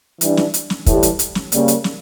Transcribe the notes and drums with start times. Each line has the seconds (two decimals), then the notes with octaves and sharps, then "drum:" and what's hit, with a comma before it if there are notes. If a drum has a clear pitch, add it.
0.21 E3 G3 D4, drum: hi-hat
0.37 drum: snare
0.54 drum: hi-hat
0.70 drum: snare
0.86 A2 E3 G3, drum: kick, hi-hat
1.03 drum: hi-hat
1.19 drum: hi-hat
1.35 drum: snare
1.52 C#3 G3 A#3, drum: hi-hat
1.68 drum: hi-hat
1.84 drum: snare